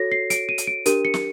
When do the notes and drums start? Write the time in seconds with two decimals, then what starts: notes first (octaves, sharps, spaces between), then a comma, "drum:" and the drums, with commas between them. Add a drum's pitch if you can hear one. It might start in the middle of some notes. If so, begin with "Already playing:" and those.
Already playing: F#4 A4 C#5 A#6
0.12 C7
0.30 D7, drum: hi-hat
0.49 D#7
0.58 drum: hi-hat
0.67 D7
0.86 D4 G4 A#4 D#7, drum: hi-hat
1.05 C#7
1.14 drum: snare